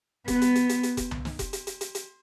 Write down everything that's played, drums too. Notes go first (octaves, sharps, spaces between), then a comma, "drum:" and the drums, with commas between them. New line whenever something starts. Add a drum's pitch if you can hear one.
B3, drum: kick F1, hi-hat
drum: hi-hat
drum: hi-hat
drum: hi-hat
drum: hi-hat
drum: kick F1, hi-hat
drum: tom C2
drum: snare
drum: kick F1, hi-hat
drum: hi-hat
drum: hi-hat
drum: hi-hat
drum: hi-hat